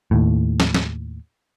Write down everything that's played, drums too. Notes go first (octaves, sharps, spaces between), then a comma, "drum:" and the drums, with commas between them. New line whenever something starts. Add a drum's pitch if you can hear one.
D#2 A2
drum: snare
drum: snare